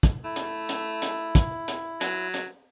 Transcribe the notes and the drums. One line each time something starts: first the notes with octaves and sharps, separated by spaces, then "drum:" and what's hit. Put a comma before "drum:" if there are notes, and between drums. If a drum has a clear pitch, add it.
drum: kick, hi-hat
A3 E4
drum: hi-hat
drum: hi-hat
drum: hi-hat
drum: kick, hi-hat
drum: hi-hat
F#3, drum: hi-hat
drum: hi-hat